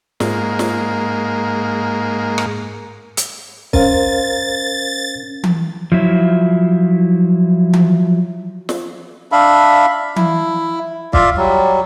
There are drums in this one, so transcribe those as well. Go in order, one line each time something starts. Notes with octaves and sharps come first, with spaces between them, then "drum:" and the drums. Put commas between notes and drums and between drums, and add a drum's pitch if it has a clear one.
G#2 A#3, drum: snare
drum: snare
drum: rim click
drum: hi-hat
C#4 A#4 C5 F5 A6, drum: kick
drum: tom E3
F3 F#3 E4 F4
drum: tom E3
drum: snare
D4 E5 F5 B5
E4, drum: tom E3
F4 D5 E5 F5, drum: kick
F#3 G3